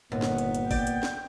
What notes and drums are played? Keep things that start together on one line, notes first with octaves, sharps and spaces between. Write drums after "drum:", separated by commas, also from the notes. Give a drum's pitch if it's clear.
G1 D#2 A#2 B3
drum: snare
drum: hi-hat
drum: hi-hat
D5 G5, drum: kick, open hi-hat
drum: hi-hat
drum: snare